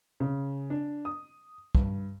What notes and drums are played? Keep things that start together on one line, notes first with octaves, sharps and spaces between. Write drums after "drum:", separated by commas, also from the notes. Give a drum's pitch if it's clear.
C#3
D4
D#6
G2, drum: kick